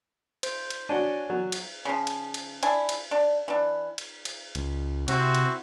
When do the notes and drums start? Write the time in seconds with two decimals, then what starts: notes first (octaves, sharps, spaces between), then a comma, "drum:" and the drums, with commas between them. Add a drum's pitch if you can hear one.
0.43 C5, drum: cymbal
0.70 drum: cymbal
0.89 D4 F#4 C#5 D5 G#5
1.30 F#3
1.52 drum: cymbal
1.85 C#3 F3
2.07 drum: cymbal
2.34 drum: cymbal
2.63 D4 E4 G#5, drum: cymbal
2.89 drum: cymbal
3.11 D4
3.48 E3 D4
3.98 drum: cymbal
4.25 drum: cymbal
4.55 C#2, drum: cymbal
5.08 C3 C4 E4 F#4, drum: cymbal
5.35 drum: cymbal